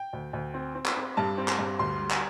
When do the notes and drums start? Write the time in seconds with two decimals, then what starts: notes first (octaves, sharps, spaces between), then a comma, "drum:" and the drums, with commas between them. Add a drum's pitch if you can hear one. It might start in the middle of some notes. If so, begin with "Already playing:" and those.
Already playing: G5
0.13 D2
0.33 D2
0.54 C4
0.75 C4
0.86 drum: clap
0.96 C4
1.17 G2 A5
1.38 C4
1.48 drum: clap
1.59 G2
1.79 D2 C6
2.00 G3
2.11 drum: clap